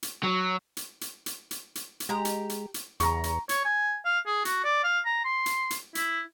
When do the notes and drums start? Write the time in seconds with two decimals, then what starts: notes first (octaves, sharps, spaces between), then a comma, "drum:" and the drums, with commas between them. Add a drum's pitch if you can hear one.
0.03 drum: hi-hat
0.23 F#3
0.77 drum: hi-hat
1.01 drum: hi-hat
1.26 drum: hi-hat
1.51 drum: hi-hat
1.75 drum: hi-hat
2.00 drum: hi-hat
2.09 G#3 G4 A#5
2.25 drum: hi-hat
2.49 drum: hi-hat
2.74 drum: hi-hat
3.00 E2 C#3 A#5 C#6, drum: hi-hat
3.24 drum: hi-hat
3.49 C#5, drum: hi-hat
3.65 G#5
4.05 F5
4.26 G#4
4.45 F#4, drum: hi-hat
4.64 D5
4.84 F5
5.05 A#5
5.25 C6
5.46 drum: hi-hat
5.70 drum: hi-hat
5.95 E4, drum: hi-hat